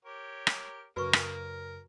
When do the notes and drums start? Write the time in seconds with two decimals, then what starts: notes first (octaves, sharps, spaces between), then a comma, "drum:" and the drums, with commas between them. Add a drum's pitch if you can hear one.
0.05 G4 A#4 C#5
0.47 drum: rim click
0.97 F#2 C#3 A#3 F#4 A#4 B4 C#6
1.13 drum: rim click